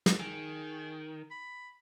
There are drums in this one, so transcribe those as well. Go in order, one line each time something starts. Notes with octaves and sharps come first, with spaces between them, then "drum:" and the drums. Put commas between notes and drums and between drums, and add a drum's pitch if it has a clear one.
drum: snare
D#3 G#4
B5